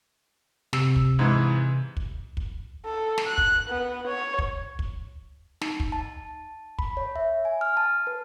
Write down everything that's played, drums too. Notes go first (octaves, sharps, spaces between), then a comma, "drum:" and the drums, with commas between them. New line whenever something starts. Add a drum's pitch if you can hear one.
C3 E6, drum: snare
drum: kick
G#2 E3
drum: kick
drum: kick
A4
drum: snare
F#6
drum: kick
B3
C#5
drum: kick
drum: kick
D#4, drum: snare
drum: kick
A5
B5, drum: kick
C#5
E5
G#5
F6
A5
B4